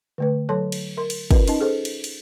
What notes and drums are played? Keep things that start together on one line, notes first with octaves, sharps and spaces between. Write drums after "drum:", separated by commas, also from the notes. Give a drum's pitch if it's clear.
D3 A3 B4
F#3 A4 C#5 A5 C6
drum: cymbal
A#4 C6
drum: cymbal
C#4 F4 A#4 B4, drum: kick, cymbal
C#4 D#4 D#5 A5, drum: cymbal
G#4 A4 C5
drum: cymbal
drum: cymbal